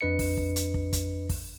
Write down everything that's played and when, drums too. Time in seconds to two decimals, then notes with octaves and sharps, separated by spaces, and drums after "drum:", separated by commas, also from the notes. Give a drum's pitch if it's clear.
0.01 F2 D4 B4 D#5 C#7
0.19 drum: kick, open hi-hat
0.37 drum: kick
0.56 drum: hi-hat
0.74 drum: kick
0.93 drum: kick, hi-hat
1.29 drum: kick, open hi-hat